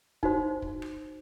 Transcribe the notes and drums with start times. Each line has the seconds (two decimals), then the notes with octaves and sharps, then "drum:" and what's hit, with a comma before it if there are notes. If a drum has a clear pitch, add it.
0.23 D#4 F#4 C5, drum: kick
0.62 drum: kick
0.82 drum: rim click